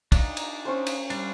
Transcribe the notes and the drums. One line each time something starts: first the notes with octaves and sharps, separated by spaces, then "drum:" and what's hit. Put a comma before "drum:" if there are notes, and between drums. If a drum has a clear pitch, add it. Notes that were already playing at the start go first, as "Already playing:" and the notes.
D4 D#4, drum: kick, cymbal
drum: cymbal
C#4 C5
drum: cymbal
G3 D4, drum: cymbal